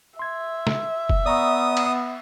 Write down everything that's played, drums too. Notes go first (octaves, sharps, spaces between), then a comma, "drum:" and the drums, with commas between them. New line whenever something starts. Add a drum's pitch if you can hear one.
E5 C6 G#6
drum: snare
drum: kick F1
B3 D5 A#5 C#6 D#6
drum: cymbal